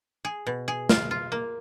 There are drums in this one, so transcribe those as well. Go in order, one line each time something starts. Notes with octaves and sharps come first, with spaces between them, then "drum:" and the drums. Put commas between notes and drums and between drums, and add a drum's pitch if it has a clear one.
G#4
B2
G#4
F4, drum: snare
F4
A#3